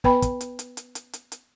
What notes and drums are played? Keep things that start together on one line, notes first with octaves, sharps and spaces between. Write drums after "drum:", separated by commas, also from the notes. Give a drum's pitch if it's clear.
B3 B4 G5 B5, drum: kick
drum: kick, hi-hat
drum: hi-hat
drum: hi-hat
drum: hi-hat
drum: hi-hat
drum: hi-hat
drum: hi-hat